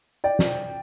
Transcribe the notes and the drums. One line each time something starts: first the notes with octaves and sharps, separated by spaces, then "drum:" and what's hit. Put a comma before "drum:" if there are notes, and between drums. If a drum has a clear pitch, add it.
D5 G5
drum: snare